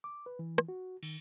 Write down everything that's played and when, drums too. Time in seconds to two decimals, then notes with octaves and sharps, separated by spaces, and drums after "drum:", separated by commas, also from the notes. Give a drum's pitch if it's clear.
0.04 D6
0.26 B4
0.39 E3
0.58 drum: rim click
0.68 F#4
1.03 D#3, drum: cymbal